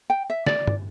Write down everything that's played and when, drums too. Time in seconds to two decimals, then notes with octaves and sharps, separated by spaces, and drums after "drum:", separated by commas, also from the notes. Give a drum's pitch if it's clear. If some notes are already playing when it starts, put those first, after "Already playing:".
0.10 G5
0.30 E5
0.46 D5, drum: snare
0.67 drum: tom G2